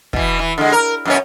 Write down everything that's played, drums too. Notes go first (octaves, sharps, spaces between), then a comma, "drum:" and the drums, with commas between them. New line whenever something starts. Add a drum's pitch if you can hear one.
B2 E3, drum: kick
E3
D3 G#3
A#4
F#2 B2 C#4